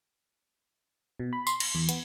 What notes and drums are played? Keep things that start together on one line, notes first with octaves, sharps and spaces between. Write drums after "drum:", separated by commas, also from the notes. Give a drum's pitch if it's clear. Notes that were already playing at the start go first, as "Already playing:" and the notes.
B2
B5
C6, drum: tambourine
A#6, drum: cymbal
E2
B3, drum: hi-hat